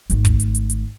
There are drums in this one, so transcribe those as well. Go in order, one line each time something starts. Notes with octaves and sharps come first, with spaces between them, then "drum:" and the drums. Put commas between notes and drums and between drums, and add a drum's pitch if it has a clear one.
G#1 A3, drum: hi-hat
drum: kick, hi-hat
drum: hi-hat
drum: hi-hat
drum: hi-hat